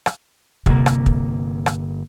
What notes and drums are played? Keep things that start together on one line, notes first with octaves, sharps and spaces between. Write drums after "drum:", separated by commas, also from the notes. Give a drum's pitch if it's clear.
drum: rim click
G1 C3 A#3, drum: kick
drum: rim click
drum: kick
drum: rim click